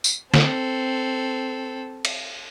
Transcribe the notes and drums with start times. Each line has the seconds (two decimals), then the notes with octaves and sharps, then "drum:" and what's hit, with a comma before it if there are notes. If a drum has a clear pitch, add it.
0.04 drum: tambourine
0.34 C4 A4, drum: snare
2.05 drum: cymbal